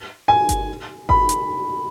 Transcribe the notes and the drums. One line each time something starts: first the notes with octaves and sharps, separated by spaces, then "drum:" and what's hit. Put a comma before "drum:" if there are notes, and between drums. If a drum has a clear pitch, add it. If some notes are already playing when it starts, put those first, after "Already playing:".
G#5
drum: kick G1, hi-hat
B5, drum: kick G1
drum: hi-hat